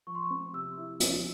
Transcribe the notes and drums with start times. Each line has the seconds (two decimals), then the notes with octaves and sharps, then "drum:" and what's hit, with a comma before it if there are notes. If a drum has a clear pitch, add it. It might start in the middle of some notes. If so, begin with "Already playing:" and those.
0.07 F3 C#6
0.15 C6
0.23 C#6
0.30 C4
0.53 C3 E6
0.77 E4
1.00 F3, drum: hi-hat